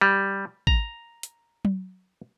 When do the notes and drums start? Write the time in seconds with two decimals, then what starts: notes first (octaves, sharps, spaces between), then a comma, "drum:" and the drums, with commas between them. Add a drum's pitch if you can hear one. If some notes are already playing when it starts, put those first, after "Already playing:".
0.01 G3
0.67 A#5, drum: kick
1.23 drum: hi-hat
1.65 drum: tom F#3